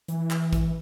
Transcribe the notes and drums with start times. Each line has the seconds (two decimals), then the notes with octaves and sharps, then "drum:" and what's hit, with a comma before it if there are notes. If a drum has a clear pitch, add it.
0.08 E3, drum: hi-hat
0.31 drum: clap
0.53 drum: kick, hi-hat